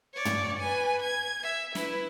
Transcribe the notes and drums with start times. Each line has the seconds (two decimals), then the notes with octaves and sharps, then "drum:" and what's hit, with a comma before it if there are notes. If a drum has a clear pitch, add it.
0.14 C#5 D5
0.25 drum: tom
0.58 B4 G#5
1.02 G#6
1.43 E5
1.75 E4 B4, drum: snare